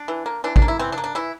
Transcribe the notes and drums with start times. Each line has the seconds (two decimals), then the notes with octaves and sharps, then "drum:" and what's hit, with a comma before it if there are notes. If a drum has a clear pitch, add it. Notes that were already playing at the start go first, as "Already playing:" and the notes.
Already playing: D4
0.08 E3
0.26 A#3
0.44 E3 D4
0.56 D4, drum: kick A1
0.62 A#3
0.68 E4
0.79 E3 C4
0.92 D4
0.98 A#3
1.04 D4
1.15 E3 E4